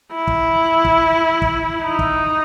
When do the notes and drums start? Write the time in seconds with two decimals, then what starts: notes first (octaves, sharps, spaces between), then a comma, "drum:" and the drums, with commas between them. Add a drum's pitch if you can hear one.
0.13 E4
0.27 drum: kick
0.85 drum: kick
1.42 drum: kick
1.84 D#4
1.99 drum: kick